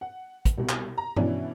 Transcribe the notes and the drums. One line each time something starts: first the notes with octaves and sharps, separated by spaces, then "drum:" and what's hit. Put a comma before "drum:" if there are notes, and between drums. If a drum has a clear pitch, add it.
F#5
drum: kick, hi-hat
C2 B2
drum: clap
A#5
B2 E3 B3 C#4 D4 E4, drum: tom G2